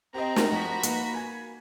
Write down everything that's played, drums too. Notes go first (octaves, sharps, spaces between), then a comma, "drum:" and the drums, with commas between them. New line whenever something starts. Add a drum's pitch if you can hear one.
C4 G4 D#5 A#5
drum: snare
F3 F#4 B5
A#3 D#4 B4, drum: hi-hat
G#5 G#6